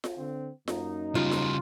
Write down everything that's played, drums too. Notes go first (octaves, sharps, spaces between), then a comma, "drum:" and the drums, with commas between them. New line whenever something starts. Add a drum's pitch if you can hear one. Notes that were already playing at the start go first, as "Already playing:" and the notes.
drum: snare F4
D3 C4
F#2 A#3 D#4, drum: snare F4
C#3 G3 F4
drum: snare F4